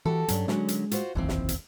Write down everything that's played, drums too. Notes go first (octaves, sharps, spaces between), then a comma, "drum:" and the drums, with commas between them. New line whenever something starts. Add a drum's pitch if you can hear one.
E3 F#4 G4 A4
G2 F#3 C#4 D4, drum: hi-hat
D3 F#3 G#3 C#4, drum: snare
drum: hi-hat
F4 F#4 C5, drum: hi-hat
F1 A#1 D#2 E3 F3 C4
drum: snare
drum: hi-hat